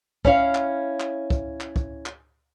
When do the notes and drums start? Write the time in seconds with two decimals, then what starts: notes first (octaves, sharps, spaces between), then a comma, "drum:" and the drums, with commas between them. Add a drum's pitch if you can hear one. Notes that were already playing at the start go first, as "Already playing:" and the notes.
0.25 C#4 E4 C#5 F5, drum: kick
0.55 drum: clap
1.00 drum: clap
1.30 drum: kick
1.61 drum: clap
1.76 drum: kick
2.06 drum: clap